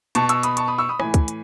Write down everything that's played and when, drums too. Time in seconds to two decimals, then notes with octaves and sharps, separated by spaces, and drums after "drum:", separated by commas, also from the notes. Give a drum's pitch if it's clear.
0.15 B2 A5 C#6, drum: hi-hat
0.29 C#6 E6, drum: hi-hat
0.43 B5 D#6, drum: hi-hat
0.57 A5 C#6, drum: hi-hat
0.68 B5 D#6
0.78 C#6 E6
0.89 B5 D#6
1.00 A2 E3 G#5 B5, drum: rim click
1.14 drum: kick C#2, hi-hat
1.28 drum: hi-hat